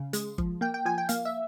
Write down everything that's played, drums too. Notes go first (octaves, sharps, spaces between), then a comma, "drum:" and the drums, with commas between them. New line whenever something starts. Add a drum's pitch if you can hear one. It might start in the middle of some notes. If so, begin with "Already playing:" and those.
Already playing: C#3
G#3, drum: hi-hat
F3, drum: kick G1
A#3 G5
G5
F3 G#5
G5
A#3 F5, drum: hi-hat
E5